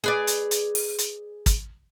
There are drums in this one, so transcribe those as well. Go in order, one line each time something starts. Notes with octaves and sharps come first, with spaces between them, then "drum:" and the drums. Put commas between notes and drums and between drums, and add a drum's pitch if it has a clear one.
G#4 B4 D5
drum: hi-hat
drum: hi-hat
drum: open hi-hat
drum: hi-hat
drum: kick, hi-hat